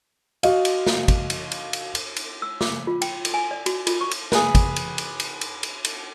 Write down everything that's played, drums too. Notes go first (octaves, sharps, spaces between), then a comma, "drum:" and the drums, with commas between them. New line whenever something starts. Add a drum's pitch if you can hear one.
F#4 D#5 F5, drum: cymbal
drum: cymbal
drum: snare
drum: kick, cymbal
drum: cymbal
drum: cymbal
drum: cymbal
drum: cymbal
drum: cymbal
E6
D6, drum: snare
F4
G5, drum: cymbal
drum: cymbal
G#5
D5
F#4, drum: cymbal
F4, drum: cymbal
C#6
drum: cymbal
G#4 B4, drum: snare
drum: kick, cymbal
drum: cymbal
drum: cymbal
drum: cymbal
drum: cymbal
drum: cymbal
drum: cymbal